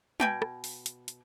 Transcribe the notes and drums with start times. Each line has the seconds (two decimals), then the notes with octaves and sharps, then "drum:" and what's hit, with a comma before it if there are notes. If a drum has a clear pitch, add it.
0.20 B2 G5 G#5, drum: tom
0.42 drum: rim click
0.64 drum: open hi-hat
0.86 drum: hi-hat
1.08 drum: hi-hat